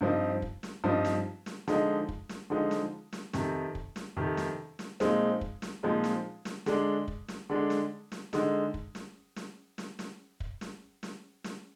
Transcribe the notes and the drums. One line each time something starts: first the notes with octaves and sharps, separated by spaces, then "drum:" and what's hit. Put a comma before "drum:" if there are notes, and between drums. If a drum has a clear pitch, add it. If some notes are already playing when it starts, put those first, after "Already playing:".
G2 F3 C4 D#4
drum: kick
drum: snare
G2 F3 C4 D#4
drum: snare
drum: snare
D3 F3 G#3 D#4, drum: snare
drum: kick
drum: snare
D3 F3 G#3 D#4
drum: snare
drum: snare
F2 C3 D#3, drum: snare
drum: kick
drum: snare
F2 C3 D#3
drum: snare
drum: snare
A#2 F3 G#3 C4 D#4, drum: snare
drum: kick
drum: snare
A#2 F3 G#3 C4 D#4
drum: snare
drum: snare
D3 G#3 D4, drum: snare
drum: kick
drum: snare
D3 G#3 D4
drum: snare
drum: snare
D3 G#3 D#4, drum: snare
drum: kick
drum: snare
drum: snare
drum: snare
drum: snare
drum: kick
drum: snare
drum: snare
drum: snare